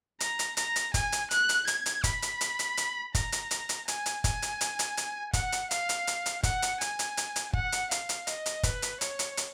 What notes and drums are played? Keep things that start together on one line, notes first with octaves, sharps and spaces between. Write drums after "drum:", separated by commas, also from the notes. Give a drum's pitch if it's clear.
A#5, drum: hi-hat
drum: hi-hat
A#5, drum: hi-hat
drum: hi-hat
G#5, drum: kick, hi-hat
drum: hi-hat
F#6, drum: hi-hat
drum: hi-hat
G#6, drum: hi-hat
drum: hi-hat
B5, drum: kick, hi-hat
drum: hi-hat
drum: hi-hat
drum: hi-hat
drum: hi-hat
A#5, drum: kick, hi-hat
drum: hi-hat
drum: hi-hat
drum: hi-hat
G#5, drum: hi-hat
drum: hi-hat
G#5, drum: kick, hi-hat
drum: hi-hat
drum: hi-hat
drum: hi-hat
drum: hi-hat
F#5, drum: kick, hi-hat
drum: hi-hat
F5, drum: hi-hat
drum: hi-hat
drum: hi-hat
drum: hi-hat
F#5, drum: kick, hi-hat
drum: hi-hat
G#5, drum: hi-hat
drum: hi-hat
drum: hi-hat
drum: hi-hat
F#5, drum: kick
drum: hi-hat
F5, drum: hi-hat
drum: hi-hat
D#5, drum: hi-hat
drum: hi-hat
B4, drum: kick, hi-hat
drum: hi-hat
C#5, drum: hi-hat
drum: hi-hat
drum: hi-hat